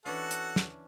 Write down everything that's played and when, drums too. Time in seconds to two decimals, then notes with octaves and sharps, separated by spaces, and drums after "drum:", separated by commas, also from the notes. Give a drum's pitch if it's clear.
0.05 E3 C#4 D4 F#4 A4 F#5
0.31 drum: hi-hat
0.56 drum: snare